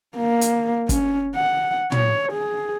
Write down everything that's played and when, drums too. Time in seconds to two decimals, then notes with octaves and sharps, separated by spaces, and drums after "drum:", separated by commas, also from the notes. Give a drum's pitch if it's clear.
0.17 A#3
0.41 drum: hi-hat
0.89 C#4, drum: kick F#1, hi-hat
1.36 F#5
1.92 C#5, drum: tom
2.32 G#4